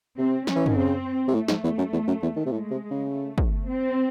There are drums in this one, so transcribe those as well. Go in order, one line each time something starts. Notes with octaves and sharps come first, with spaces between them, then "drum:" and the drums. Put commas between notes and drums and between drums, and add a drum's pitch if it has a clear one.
C3 C4
C#4, drum: snare
E3
D#3, drum: tom F#2
C#3 C4
C3
A2 A3
G#2, drum: snare
E2
F#2
E2
F#2
E2
D#3
C3
A2 G#3
C3
C#3
A3
drum: kick
C4